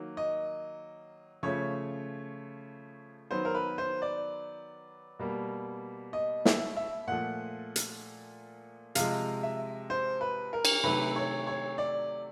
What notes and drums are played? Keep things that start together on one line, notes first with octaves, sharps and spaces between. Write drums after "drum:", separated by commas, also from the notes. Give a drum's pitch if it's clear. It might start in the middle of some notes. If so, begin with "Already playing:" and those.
Already playing: D#3 F#3 A#3
D#5
C#3 F3 A3 C#5
D#3 F#3 B3 C5
A#4
B4
C5
D5
B2 G3 A#3
D#5
E5, drum: snare
E5
A#2 F3 A3 F#5
drum: hi-hat
C3 F3 G#3 F5, drum: hi-hat
E5
C5
B4
A#4
drum: cymbal
C3 D#3 F#3 A3 B4
C#5
C#5
D5